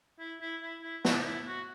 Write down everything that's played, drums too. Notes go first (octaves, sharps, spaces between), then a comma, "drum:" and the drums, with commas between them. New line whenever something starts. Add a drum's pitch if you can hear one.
E4
E4
E4
E4
F#4, drum: snare
D4
E4
F#4